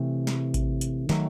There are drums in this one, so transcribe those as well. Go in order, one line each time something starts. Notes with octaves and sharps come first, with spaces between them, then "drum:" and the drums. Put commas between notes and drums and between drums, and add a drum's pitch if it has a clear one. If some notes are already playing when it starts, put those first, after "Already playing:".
Already playing: C3 E3 A3
drum: snare
drum: kick A1, hi-hat
drum: hi-hat
D#3 F#3 A3, drum: snare